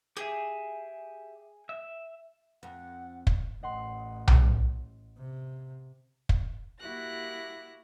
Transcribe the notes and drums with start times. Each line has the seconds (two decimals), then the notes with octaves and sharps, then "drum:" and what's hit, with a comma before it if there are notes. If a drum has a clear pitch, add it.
0.17 G4 G#4 E5
1.69 E5
2.63 F2 F#5
3.27 drum: kick
3.63 A1 D#5 F#5 C6
4.28 drum: tom B1
5.18 C3
6.29 drum: kick
6.80 A#3 E4 F#4 G4 F#6 A#6